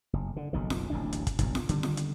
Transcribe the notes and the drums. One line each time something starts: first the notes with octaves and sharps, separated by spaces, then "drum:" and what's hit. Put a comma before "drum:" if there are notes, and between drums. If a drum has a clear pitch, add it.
F#1
D3
F#1 B1 D#3
drum: snare F4
D1 A1 D#2 D4
drum: hi-hat
drum: kick, hi-hat
F#1 B1 G2, drum: kick, hi-hat
drum: snare F4
D3 D#3 G3, drum: hi-hat
drum: snare F4
drum: hi-hat